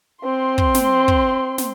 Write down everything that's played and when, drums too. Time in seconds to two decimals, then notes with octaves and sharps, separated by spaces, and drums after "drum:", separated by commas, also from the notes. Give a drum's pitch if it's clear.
0.24 C4 C6
0.58 drum: kick
0.74 drum: snare
1.08 drum: kick
1.58 drum: snare